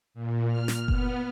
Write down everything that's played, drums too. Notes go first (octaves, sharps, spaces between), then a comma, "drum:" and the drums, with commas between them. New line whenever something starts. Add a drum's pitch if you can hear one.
A#2
F6
drum: snare
B3, drum: kick F#1